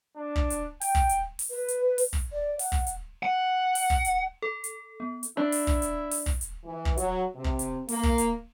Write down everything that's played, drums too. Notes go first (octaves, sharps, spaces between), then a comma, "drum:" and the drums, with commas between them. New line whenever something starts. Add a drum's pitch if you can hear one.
D4
drum: kick
drum: hi-hat
G5, drum: open hi-hat
drum: kick
drum: hi-hat
drum: open hi-hat
B4
drum: hi-hat
drum: open hi-hat
drum: kick
D5
F#5, drum: open hi-hat
drum: kick
drum: hi-hat
F#5
drum: open hi-hat
drum: kick
drum: hi-hat
A4
drum: hi-hat
B3
drum: hi-hat
D4 E4
drum: open hi-hat
drum: kick
drum: hi-hat
drum: open hi-hat
drum: kick
drum: hi-hat
E3
drum: kick
F#3, drum: hi-hat
C3
drum: kick
drum: hi-hat
A#3, drum: open hi-hat
drum: kick
drum: hi-hat